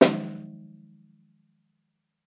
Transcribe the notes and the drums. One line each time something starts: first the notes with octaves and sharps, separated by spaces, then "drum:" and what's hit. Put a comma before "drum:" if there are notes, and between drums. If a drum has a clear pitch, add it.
D#3 F3 F#3 G#3 D#4, drum: snare